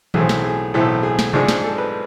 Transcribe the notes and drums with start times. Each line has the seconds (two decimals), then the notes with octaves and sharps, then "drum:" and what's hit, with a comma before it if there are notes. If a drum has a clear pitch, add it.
0.14 B1 A2 E3 A3 C4 G#4, drum: tom D#3
0.29 drum: snare
0.44 G#4
0.74 B1 A2 E3 A3 C4 A4
1.03 G#4
1.19 drum: snare
1.33 G#1 G#2 F3 G#3 D4 G#4, drum: tom C3
1.48 drum: snare
1.64 A4
1.78 B4